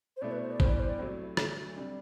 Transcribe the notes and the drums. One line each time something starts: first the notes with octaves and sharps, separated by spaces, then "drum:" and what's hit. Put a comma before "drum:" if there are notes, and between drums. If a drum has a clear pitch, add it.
C5
B2 A3 E4 D5
B4
C5
D5
G2 E3 B3 C5, drum: kick G#1
D5
C5
D5
C3 F#3 A3 C4 E4
D2 D3 F#3 A3, drum: rim click
C3 G3 D4